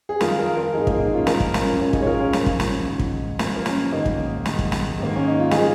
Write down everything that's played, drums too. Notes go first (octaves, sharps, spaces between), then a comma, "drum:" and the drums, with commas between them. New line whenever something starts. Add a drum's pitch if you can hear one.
G#4
F2 D#3 F4 A#4, drum: snare
F4 A#4
F4 A#4
G#2 F3 D#4 G#4
A#3 D#4, drum: kick
A#3 D#4
C#4 F4
A#2 F3 F4 A#4, drum: snare
drum: kick
A#3, drum: snare
C#4
G#2 F3 C#4 F4
D#4 G#4, drum: kick
C#5
F4 A#4
C#4 F4
A#2 F3 C#4, drum: snare
drum: kick
drum: snare
G#2 D#3
drum: kick
A#2 F3 A#3, drum: snare
A#3
C#4, drum: snare
G#2 D#3 A#3 D#4
drum: kick
G#2 D#3, drum: snare
drum: kick
drum: snare
G#2 D#3 A#3
C#4
D#4
F4
A#2 F3 D#4 G#4, drum: snare